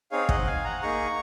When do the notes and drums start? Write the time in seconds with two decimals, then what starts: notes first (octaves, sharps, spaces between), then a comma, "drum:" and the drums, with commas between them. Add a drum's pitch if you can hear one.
0.11 C4 D#4 G#4 C#5 F5
0.29 D#5 F#5, drum: kick
0.46 F5 G#5
0.64 F#5 A#5
0.82 A#3 D#4 G#4 A#5 C#6